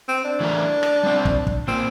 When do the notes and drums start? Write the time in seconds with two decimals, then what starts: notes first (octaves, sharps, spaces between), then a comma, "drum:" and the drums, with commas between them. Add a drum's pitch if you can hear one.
0.08 C4
0.25 D4
0.40 E3 A3 E4 A#4
0.83 drum: rim click
1.03 G3 C4 E4
1.25 drum: kick
1.47 drum: kick
1.67 A#2 F3 A#3 C4